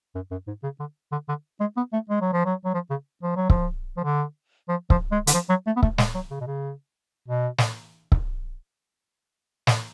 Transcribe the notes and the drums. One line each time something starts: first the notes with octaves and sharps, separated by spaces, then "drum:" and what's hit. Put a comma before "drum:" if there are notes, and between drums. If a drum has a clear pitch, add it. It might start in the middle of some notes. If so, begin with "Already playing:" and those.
F#2
F#2
G#2
C#3
D3
D3
D3
G#3
B3
A3
G#3
F#3
F3
F#3
F#3
F3
C#3
F3
F#3
F3, drum: kick C#1
F3
D3
F3
F3, drum: kick C#1
G#3
D3, drum: hi-hat
F3
F#3
A3
B3
A3, drum: kick C#1
G#3, drum: snare
F#3
C#3
B2
C#3
B2
drum: snare
drum: kick C#1
drum: snare